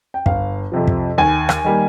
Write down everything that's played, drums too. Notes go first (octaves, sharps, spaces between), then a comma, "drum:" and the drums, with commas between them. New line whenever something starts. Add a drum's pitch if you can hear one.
G5
G1 F5, drum: kick
F2 C3 F3
drum: kick
D#2 G#5
drum: rim click
D#3 G3 A#3